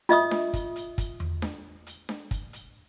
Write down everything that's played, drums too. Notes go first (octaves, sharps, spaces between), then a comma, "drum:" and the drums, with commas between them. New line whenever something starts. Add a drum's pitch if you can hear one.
F4 D#5 E5 D#6, drum: hi-hat
drum: snare D4
drum: kick, hi-hat
drum: hi-hat
drum: kick, hi-hat
drum: tom E2
drum: snare D4
drum: hi-hat
drum: snare D4
drum: kick, hi-hat
drum: hi-hat